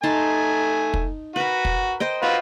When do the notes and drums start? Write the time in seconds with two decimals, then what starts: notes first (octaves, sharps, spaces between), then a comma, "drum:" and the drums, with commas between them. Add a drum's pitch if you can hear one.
0.03 A3 D#4 G#5 A5 C6
0.94 drum: kick
1.36 F#4 A#4 B4
1.65 drum: kick
2.00 C5 D#5 G5
2.23 F4 F#4 B4 F5